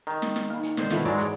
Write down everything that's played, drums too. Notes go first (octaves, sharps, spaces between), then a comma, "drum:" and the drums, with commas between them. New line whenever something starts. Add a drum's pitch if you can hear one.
D#3 A#5 C#6
drum: snare
drum: snare
A#3 D#4
drum: hi-hat
D3 D#3 C5, drum: snare
D#3 E3 A3 B3 F4 F#4, drum: snare
G#2 F#3 G#3 G#4 D5
drum: hi-hat